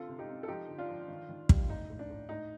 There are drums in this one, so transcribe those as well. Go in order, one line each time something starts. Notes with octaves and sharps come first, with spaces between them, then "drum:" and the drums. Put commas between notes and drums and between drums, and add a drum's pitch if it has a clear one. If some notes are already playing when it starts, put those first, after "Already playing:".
Already playing: D3 C4 F4 A4
C3
D#4 G4
C4
A4
F3 D#4 G4
D3
D4 F4
F3
D#3
D#3
G3, drum: kick
A2 D#4
A2
D4
A2
A2 D#4